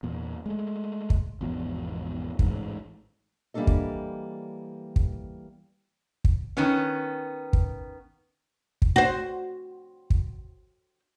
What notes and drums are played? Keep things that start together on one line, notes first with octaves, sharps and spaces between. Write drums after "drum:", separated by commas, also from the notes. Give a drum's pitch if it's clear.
E2 A#2
G#3 A3
drum: kick
G#1 E2 B2 F3
A1 G#2, drum: kick
E3 G3 A#3 D4 A4 D#5
drum: kick
drum: kick
drum: kick
D#3 B3 C#4
drum: kick
drum: kick
F#4 C5
drum: kick